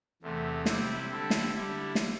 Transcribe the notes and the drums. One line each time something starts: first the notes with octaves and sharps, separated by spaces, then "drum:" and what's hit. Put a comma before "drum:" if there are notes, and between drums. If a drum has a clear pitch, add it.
E2 C3 A3
C3 G3 C4 E4, drum: snare
D3 G3 E4 A4
drum: snare
D3 G3 E4
drum: snare